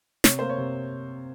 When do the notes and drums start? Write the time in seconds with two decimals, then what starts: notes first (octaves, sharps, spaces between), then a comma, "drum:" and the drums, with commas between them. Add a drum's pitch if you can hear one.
0.24 C3 C#5, drum: snare
0.39 A#3 C5
0.50 C#5
0.58 C3